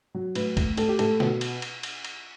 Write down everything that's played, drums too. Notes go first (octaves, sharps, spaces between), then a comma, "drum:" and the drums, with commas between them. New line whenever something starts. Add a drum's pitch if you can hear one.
F#3
A2 B4, drum: cymbal
A2, drum: kick, cymbal
A2 A4, drum: cymbal
G4
A2 A4, drum: cymbal
B2, drum: snare
drum: cymbal
drum: cymbal
drum: cymbal
drum: cymbal